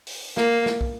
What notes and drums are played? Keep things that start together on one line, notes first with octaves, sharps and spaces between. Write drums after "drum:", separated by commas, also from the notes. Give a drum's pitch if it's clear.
drum: open hi-hat
A#3, drum: snare
drum: snare
drum: kick